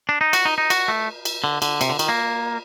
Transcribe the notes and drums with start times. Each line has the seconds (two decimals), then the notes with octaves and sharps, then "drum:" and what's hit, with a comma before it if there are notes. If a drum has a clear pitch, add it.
0.09 D4
0.21 D#4
0.33 F#4, drum: cymbal
0.45 D#4
0.58 D#4
0.70 F#4, drum: cymbal
0.88 A3
1.25 drum: cymbal
1.44 D3
1.62 D3, drum: cymbal
1.81 C3, drum: cymbal
1.90 D3
1.99 D#3, drum: cymbal
2.09 A#3